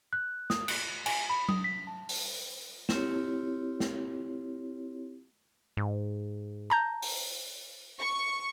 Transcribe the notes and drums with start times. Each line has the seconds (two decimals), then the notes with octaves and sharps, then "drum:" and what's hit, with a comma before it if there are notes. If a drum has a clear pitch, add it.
0.13 F#6
0.50 D#6, drum: snare
0.68 F#6, drum: cymbal
1.06 G#5, drum: cymbal
1.30 B5
1.49 D#6, drum: tom F#3
1.64 B6
1.87 A5
2.09 drum: open hi-hat
2.89 C4 E4 F4 G4 C#5, drum: snare
3.80 drum: snare
5.77 G#2
6.70 A5 A#5 G6
7.02 drum: open hi-hat
8.00 C#6